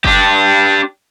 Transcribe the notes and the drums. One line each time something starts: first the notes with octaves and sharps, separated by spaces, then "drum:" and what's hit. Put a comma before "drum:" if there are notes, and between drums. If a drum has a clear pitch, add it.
D4 G4, drum: kick